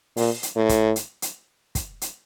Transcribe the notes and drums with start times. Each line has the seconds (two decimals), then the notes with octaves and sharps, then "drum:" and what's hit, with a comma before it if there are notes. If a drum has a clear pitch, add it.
0.17 A#2, drum: open hi-hat
0.43 drum: hi-hat
0.56 A2
0.69 drum: kick, hi-hat
0.96 drum: hi-hat
1.22 drum: hi-hat
1.75 drum: kick, hi-hat
2.01 drum: hi-hat